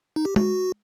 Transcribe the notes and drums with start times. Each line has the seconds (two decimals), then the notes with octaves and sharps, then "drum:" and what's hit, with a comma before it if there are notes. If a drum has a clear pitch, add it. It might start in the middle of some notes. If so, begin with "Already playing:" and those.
0.16 D#4
0.25 G4
0.36 F#4, drum: tom G#3